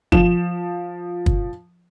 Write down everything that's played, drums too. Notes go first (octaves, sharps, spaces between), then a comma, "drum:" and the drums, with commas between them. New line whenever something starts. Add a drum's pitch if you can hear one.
F3 E7, drum: kick
drum: kick